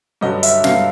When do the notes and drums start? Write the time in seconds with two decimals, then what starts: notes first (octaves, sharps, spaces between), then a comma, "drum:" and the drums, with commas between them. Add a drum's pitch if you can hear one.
0.21 G2 D3 F#3 D#5
0.43 E5, drum: hi-hat
0.64 G2 D3 F#3 F5, drum: snare